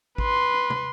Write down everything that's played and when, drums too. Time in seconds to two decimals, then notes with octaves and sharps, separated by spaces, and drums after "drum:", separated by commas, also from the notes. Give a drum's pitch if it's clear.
0.18 B4 C6, drum: kick A1
0.70 drum: tom